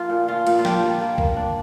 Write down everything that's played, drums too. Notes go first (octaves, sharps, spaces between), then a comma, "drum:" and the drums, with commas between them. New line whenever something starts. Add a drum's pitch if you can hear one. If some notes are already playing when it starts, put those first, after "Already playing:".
Already playing: F3 A#3 F4
A#2
F3 F4
A#2, drum: cymbal
F4
D4 G4, drum: snare
G3
A#3
A#3, drum: kick
D4